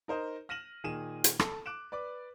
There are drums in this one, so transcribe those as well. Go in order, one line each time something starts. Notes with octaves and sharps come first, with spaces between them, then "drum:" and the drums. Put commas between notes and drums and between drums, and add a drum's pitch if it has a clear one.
D#4 A#4 C5 D#5
F6 A#6 D#7 E7 F#7
A#2 D#3 G#4 D#7 E7
drum: hi-hat
A4, drum: rim click
D6 F#6 D7 E7
B4 D5 D6